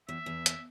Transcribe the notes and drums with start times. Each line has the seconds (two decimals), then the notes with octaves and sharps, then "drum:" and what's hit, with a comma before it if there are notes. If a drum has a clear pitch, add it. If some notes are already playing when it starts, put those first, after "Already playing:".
0.09 E2 E5
0.26 E2
0.46 drum: hi-hat